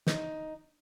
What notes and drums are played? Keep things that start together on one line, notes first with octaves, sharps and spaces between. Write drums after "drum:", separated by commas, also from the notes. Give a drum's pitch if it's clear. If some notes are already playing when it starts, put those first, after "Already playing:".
D#4, drum: snare